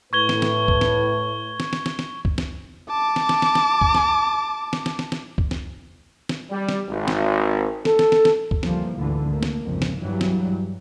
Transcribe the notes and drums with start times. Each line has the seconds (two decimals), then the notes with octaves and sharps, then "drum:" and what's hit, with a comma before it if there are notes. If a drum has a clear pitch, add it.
0.13 A2 B4 C#6 G#6 G7
0.29 drum: snare
0.42 drum: snare
0.68 drum: kick
0.81 drum: snare
1.60 drum: snare
1.73 drum: snare
1.86 drum: snare
1.99 drum: snare
2.25 drum: kick
2.38 drum: snare
2.90 A5 D6
3.16 drum: snare
3.29 drum: snare
3.42 drum: snare
3.55 drum: snare
3.81 drum: kick
3.95 drum: snare
4.73 drum: snare
4.86 drum: snare
4.99 drum: snare
5.12 drum: snare
5.38 drum: kick
5.51 drum: snare
6.29 drum: snare
6.51 G3
6.69 drum: snare
6.89 G#1
7.08 drum: snare
7.85 A4, drum: snare
7.99 drum: snare
8.12 drum: snare
8.25 drum: snare
8.51 drum: kick
8.63 D3 E3 F3 G3 A#3, drum: snare
8.97 D2 G#2 D3 E3
9.26 D2 A3 A#3
9.43 drum: snare
9.64 C2 F2 G#2 C#3
9.82 drum: snare
10.00 G2 E3 F#3 G3
10.21 drum: snare